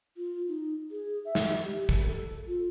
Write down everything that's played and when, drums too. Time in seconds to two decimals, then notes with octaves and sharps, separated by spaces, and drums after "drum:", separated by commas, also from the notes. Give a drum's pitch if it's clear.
0.17 F4
0.48 D#4
0.91 G#4
1.25 E5
1.35 drum: snare
1.65 G4
1.89 drum: kick
2.07 A4
2.47 F4